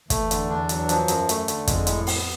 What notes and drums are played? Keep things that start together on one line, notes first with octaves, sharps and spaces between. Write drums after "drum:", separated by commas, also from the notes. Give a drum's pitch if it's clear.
E2 A3, drum: kick, hi-hat
D3, drum: hi-hat
D4
F#3, drum: hi-hat
F3, drum: hi-hat
F#2, drum: hi-hat
A3, drum: hi-hat
D3, drum: hi-hat
F2 G#3, drum: kick, hi-hat
A2, drum: hi-hat
B3, drum: open hi-hat